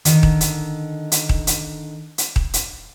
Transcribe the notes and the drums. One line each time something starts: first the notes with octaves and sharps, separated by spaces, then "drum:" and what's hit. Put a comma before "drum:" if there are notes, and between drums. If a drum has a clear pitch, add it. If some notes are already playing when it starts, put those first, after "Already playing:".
D3 D#3, drum: hi-hat
drum: kick D#1
drum: hi-hat
drum: hi-hat
drum: kick D#1
drum: hi-hat
drum: hi-hat
drum: kick D#1
drum: hi-hat